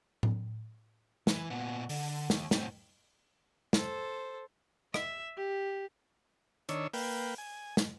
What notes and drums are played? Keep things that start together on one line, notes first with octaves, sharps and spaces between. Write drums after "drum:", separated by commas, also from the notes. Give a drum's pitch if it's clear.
drum: tom A2
E3, drum: snare
A#2 B3
D3, drum: open hi-hat
D#2, drum: snare
A2 C4, drum: snare
A4 C5, drum: snare
E5, drum: rim click
G4
D#3 D4 C#5 E6, drum: hi-hat
A#3 B4 G5, drum: open hi-hat
G#5
drum: snare